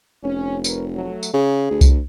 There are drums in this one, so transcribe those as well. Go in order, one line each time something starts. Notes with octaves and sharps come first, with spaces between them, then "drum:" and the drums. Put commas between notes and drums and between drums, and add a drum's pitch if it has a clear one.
F1 C#4
A#4 B4 C#5, drum: tambourine
F#3 A3
drum: tambourine
C#3 G#4
D2
drum: kick C2, tambourine